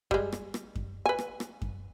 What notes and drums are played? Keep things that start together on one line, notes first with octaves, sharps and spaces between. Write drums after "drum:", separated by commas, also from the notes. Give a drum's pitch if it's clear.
G3 G#3, drum: kick F#2
drum: rim click
drum: rim click
drum: kick F#2
B4 G#5
drum: rim click
drum: rim click
drum: kick F#2